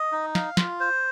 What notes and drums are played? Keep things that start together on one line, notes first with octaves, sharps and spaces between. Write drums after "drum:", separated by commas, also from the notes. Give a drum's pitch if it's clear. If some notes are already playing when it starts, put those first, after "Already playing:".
Already playing: D#5
D#4
F5, drum: snare
F4, drum: snare
C5